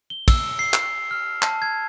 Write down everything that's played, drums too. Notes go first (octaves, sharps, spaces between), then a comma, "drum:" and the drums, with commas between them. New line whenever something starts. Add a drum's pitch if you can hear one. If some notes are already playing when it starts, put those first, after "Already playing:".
G7
E6, drum: kick, cymbal
C7
drum: clap
F6
A5, drum: clap
G#6